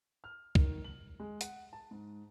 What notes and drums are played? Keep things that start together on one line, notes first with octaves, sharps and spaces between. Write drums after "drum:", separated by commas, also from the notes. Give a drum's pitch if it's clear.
F6
D#3, drum: kick
F#7
G#3
F#5, drum: hi-hat
A5
G#2